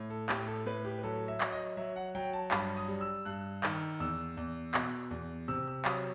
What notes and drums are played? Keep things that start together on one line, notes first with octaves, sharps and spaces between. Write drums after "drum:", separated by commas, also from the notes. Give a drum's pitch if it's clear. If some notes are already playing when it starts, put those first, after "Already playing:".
Already playing: A2
A4
A2 G4, drum: clap
A4
A2 B4
G4
B4
F#3 A4
E5
F#3, drum: clap
D#5
F#3 E5
F#5
F#3 G5
A5
G2 B5, drum: clap
D#6
G3
E6
G2 F#6
D#3, drum: clap
E2 E6
E2
B2, drum: clap
E2
C3 E6
E6
F#3 D#6, drum: clap